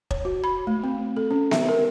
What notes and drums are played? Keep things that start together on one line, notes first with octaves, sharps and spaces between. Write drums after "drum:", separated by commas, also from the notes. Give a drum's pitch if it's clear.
C#5, drum: kick E1
F#4
B5
A3
C4
A4
C#4
E5, drum: snare B3
A#4